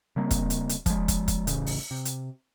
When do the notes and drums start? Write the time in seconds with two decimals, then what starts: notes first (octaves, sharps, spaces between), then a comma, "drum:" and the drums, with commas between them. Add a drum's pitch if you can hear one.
0.16 C#3 G3 A#3 C4
0.31 drum: kick, hi-hat
0.50 drum: hi-hat
0.69 drum: hi-hat
0.86 F3 G#3, drum: kick, hi-hat
1.08 drum: kick, hi-hat
1.28 drum: kick, hi-hat
1.47 A1 C#3, drum: hi-hat
1.66 drum: open hi-hat
1.91 C3
2.05 drum: hi-hat